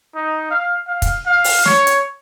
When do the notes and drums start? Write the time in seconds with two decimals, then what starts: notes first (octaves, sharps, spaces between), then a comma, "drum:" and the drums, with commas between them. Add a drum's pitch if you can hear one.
0.15 D#4
0.51 F5
0.88 F5
1.02 drum: kick, hi-hat
1.27 F5
1.44 drum: open hi-hat
1.66 C#5, drum: snare
1.87 drum: hi-hat